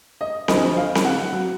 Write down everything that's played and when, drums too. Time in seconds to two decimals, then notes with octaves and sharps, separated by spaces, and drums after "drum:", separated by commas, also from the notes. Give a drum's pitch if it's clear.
0.21 D#5
0.48 D2 D3 F3 D#5, drum: snare C4
0.77 F5
0.95 drum: snare C4
1.05 F#5
1.32 F#3